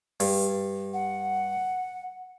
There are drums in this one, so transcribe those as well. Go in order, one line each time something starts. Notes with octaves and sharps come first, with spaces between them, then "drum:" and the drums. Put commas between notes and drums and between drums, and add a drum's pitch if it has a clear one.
G2, drum: open hi-hat
F#5